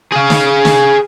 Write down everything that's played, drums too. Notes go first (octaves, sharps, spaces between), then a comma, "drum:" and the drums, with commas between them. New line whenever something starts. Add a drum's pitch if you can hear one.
G#4 F5
drum: snare
drum: snare